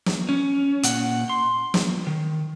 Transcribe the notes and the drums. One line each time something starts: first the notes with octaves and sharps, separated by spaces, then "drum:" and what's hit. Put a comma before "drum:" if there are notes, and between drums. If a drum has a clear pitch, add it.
drum: snare
C#4
A#2 F#5, drum: hi-hat
C6
drum: snare
D#3